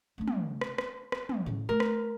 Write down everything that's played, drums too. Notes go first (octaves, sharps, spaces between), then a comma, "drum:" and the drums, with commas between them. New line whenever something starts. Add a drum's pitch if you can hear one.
A3 D4
drum: tom
drum: rim click
drum: rim click
drum: rim click
drum: tom
A2 C#3
A3 A#4
drum: rim click